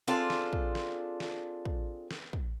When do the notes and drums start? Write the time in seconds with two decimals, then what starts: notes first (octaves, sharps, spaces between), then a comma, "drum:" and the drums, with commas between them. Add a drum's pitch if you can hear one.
0.07 C4 D4 F4 G#4 A4 D5
0.30 drum: snare
0.53 drum: kick
0.75 drum: snare
1.20 drum: snare
1.65 drum: kick
2.11 drum: snare
2.33 drum: kick